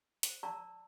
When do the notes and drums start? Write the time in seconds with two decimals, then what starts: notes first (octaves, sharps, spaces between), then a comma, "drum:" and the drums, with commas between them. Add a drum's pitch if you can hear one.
0.23 C5, drum: hi-hat
0.43 D5 A5 A#5 C#6 E6